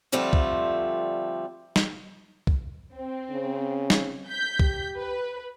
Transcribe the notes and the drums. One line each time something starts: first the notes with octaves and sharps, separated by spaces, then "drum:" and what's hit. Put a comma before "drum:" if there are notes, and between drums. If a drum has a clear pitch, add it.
D3 F3 G3 A3 C4
drum: kick C2
drum: snare
drum: kick C2
C4
C#3
drum: snare
G6 B6
G4, drum: kick C2
B4